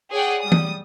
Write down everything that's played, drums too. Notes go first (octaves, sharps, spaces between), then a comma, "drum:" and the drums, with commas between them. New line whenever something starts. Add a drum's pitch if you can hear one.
G#4 C#5 D5 F#5 G5
G3 D#6
drum: tom E3